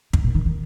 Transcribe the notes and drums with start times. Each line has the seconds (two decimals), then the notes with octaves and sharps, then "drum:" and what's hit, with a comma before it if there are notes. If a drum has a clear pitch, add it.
0.13 D#3, drum: kick
0.24 A#2
0.35 D#3
0.46 D#3